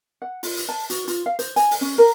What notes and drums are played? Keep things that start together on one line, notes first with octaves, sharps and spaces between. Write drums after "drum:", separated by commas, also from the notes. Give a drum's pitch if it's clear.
F#5
F4, drum: open hi-hat
drum: hi-hat
A5
F#4, drum: hi-hat
F4, drum: hi-hat
F5
C5, drum: hi-hat
G#5, drum: hi-hat
drum: open hi-hat
C#4
A#4